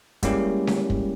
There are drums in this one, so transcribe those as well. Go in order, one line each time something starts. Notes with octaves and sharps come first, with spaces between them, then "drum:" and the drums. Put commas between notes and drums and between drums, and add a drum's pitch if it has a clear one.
G3 G#3 A#3 C#4 E4 G4, drum: kick, hi-hat
drum: snare C#4
drum: kick